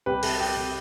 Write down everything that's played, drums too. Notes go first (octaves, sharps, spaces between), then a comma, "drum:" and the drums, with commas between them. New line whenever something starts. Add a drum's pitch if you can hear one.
C2 G4 B4
C3 A4, drum: open hi-hat
C2 G4
C3